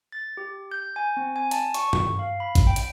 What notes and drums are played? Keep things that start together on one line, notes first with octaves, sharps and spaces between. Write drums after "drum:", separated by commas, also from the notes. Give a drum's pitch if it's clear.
A6
G4
G6
G#5
C4
G#5
A5, drum: hi-hat
C#6, drum: hi-hat
drum: tom G2
F5
B5
drum: kick, hi-hat
G5
drum: hi-hat